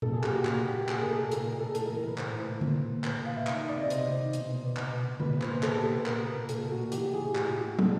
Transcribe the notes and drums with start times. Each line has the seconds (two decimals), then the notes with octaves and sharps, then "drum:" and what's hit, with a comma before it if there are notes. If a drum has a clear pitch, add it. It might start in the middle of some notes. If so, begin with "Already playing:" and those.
0.02 A#2 A4, drum: tom A#2
0.13 A#2 G#4
0.24 G4, drum: clap
0.31 A#2 F#4
0.45 A#2 G4, drum: clap
0.59 A#2
0.67 G4
0.74 A#2
0.89 A#2 G#4, drum: clap
1.02 A#2 A#4
1.10 A4
1.17 A#2
1.31 A#2 A#4, drum: hi-hat
1.46 A#2 A#4
1.60 A#2 A4
1.75 A2 A4, drum: hi-hat
1.86 A#4
1.89 E3
1.96 A#4
2.04 E3 B4
2.18 A2 C5, drum: clap
2.32 A2
2.47 A2
2.61 A#2, drum: tom D3
2.75 A#2
2.90 A#2
3.04 A#2 B4, drum: clap
3.19 A#2
3.26 F5
3.33 A#2 E5
3.47 D#3 E5, drum: clap
3.62 D#3
3.69 D5
3.76 C3 D#5
3.90 C3 C5, drum: hi-hat
4.05 C3
4.19 D#3
4.33 B2, drum: hi-hat
4.48 B2
4.62 B2
4.77 B2, drum: clap
4.90 B2
5.05 B2
5.20 A#2 B4, drum: tom D3
5.30 A#2 B4
5.42 C5, drum: clap
5.48 A#2
5.63 A#2 A4, drum: clap
5.74 A#2 G4
5.91 A#2 B4
6.06 A#2 A#4, drum: clap
6.21 A#2
6.35 A#2
6.49 A#2 A4, drum: hi-hat
6.64 A#2
6.71 F#4
6.78 A#2
6.92 E3 G4, drum: hi-hat
7.03 G#4
7.07 E3
7.14 G#4
7.21 A2 G4
7.35 A2 G4, drum: clap
7.47 F#4
7.50 A2
7.57 F#4
7.64 A2
7.79 A#2 A4, drum: tom